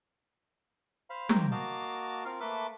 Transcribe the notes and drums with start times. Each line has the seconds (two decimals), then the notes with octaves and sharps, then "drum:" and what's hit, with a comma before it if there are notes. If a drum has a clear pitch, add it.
1.10 C5 F5 B5
1.29 A#3 D#4 C5 G5 A#5, drum: tom
1.52 A#3 F#4 D#5 F5 A5 D6
2.25 C4 F4 A#4 F5
2.40 A3 A#3 A4 B4 E5 D6